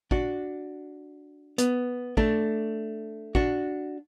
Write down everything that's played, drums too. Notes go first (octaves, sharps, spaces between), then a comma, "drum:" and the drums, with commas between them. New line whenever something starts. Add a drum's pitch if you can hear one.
D4 F#4, drum: kick
B3, drum: hi-hat
A3 D4, drum: kick
D4 F#4, drum: kick